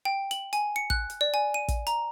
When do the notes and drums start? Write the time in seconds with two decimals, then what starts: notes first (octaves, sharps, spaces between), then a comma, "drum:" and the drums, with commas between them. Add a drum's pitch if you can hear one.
0.05 G5
0.31 F#7, drum: hi-hat
0.53 G#5, drum: hi-hat
0.76 C#7
0.90 F#6, drum: kick
1.10 drum: hi-hat
1.21 D5
1.34 G#5
1.54 D#7
1.68 drum: kick, hi-hat
1.87 A#5, drum: hi-hat